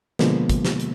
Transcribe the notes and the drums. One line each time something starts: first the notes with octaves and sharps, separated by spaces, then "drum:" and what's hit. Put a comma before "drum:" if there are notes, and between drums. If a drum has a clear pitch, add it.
B2 D3 F3 G#3 A#3 B3, drum: snare
drum: kick, hi-hat
drum: snare
drum: hi-hat